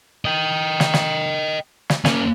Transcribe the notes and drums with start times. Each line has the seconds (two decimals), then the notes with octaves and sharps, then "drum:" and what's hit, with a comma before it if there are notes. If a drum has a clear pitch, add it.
0.25 D#5 G5
0.80 drum: snare
0.94 drum: snare
1.90 drum: snare
2.05 A#3 C#4, drum: snare